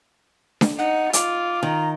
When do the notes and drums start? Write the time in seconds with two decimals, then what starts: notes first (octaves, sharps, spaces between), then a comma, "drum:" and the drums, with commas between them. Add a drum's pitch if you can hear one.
0.61 drum: snare D4
0.79 D#4 F#5
1.13 F4 D6, drum: hi-hat
1.63 D#3 A#5